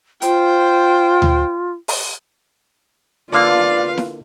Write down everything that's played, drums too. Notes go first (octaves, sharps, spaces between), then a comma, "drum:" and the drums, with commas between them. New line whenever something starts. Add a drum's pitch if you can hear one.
F4 C5 G5, drum: hi-hat
drum: tom D2
drum: open hi-hat
D3 A#3 F4 B4 D5 F5
drum: snare E4